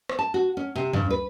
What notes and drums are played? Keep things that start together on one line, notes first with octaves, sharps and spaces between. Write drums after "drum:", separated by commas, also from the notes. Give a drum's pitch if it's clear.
drum: rim click
A5
F#4
C#4
C3
G2, drum: tom
B4